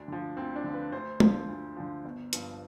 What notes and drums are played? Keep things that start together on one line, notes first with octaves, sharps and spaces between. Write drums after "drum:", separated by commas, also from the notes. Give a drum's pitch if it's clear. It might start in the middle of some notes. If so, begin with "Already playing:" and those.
Already playing: D2 D4
D3 F3
D2 C4
D4
D3 F3
B4
D2 C5
D3 F3, drum: tom
D2
D3 F3
G1
G2 F3, drum: hi-hat